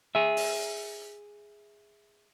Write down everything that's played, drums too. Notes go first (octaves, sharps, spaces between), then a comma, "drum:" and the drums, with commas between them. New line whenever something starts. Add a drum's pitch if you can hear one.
G#4 E5
drum: open hi-hat